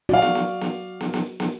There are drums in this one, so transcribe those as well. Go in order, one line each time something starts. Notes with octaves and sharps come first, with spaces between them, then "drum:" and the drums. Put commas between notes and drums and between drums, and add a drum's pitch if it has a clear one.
F#4 D5 F5
drum: snare
drum: snare
drum: snare
drum: snare
drum: snare
drum: snare